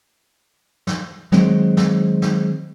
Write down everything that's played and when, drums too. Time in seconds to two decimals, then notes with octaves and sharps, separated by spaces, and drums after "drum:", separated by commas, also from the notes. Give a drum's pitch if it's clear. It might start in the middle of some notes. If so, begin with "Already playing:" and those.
0.87 drum: snare
1.32 D#3 F#3 G#3 C4, drum: snare
1.77 drum: snare
2.22 drum: snare